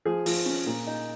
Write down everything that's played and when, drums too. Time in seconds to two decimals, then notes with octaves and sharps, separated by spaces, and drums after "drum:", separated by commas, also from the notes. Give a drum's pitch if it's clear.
0.05 F3 G#4
0.26 F3, drum: open hi-hat
0.46 C#4
0.66 A#2
0.87 D#4